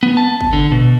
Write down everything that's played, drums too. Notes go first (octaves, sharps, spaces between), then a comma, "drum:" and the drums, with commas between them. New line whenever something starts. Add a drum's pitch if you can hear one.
B3
A5
drum: kick
D3
B2